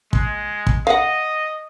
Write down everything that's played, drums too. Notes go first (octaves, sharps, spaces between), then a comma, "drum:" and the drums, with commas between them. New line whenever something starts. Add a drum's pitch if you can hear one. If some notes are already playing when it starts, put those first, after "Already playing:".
G#3, drum: kick
drum: kick
D#5 F5 F#5